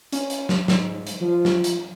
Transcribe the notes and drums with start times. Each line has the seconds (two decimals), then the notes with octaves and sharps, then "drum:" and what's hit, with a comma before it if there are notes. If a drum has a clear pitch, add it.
0.13 C#4, drum: hi-hat
0.30 drum: hi-hat
0.49 drum: snare
0.68 G#2, drum: snare
1.07 drum: hi-hat
1.21 F3
1.45 drum: snare
1.64 drum: hi-hat